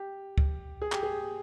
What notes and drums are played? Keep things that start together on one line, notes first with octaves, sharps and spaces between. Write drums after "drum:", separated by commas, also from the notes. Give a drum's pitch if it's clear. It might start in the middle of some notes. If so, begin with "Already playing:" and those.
Already playing: G4
drum: kick
G#4
G4, drum: clap
G#4